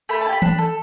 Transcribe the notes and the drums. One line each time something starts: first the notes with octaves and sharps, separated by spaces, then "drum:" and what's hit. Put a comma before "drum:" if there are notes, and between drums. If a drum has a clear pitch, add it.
A3 B5
E4 A5
G4 B5
D4, drum: tom E3
A4